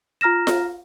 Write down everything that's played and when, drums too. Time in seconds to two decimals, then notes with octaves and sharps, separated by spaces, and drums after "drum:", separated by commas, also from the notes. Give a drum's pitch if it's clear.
0.21 F4 A#5 F6 A#6 E7
0.47 drum: snare F4